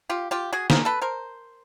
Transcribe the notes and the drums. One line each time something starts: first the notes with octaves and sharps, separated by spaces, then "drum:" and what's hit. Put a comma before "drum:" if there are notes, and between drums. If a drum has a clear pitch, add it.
F4 G4
F4 G4
F#4 G#4
G#4 A#4, drum: snare
A4 B4
A#4 C5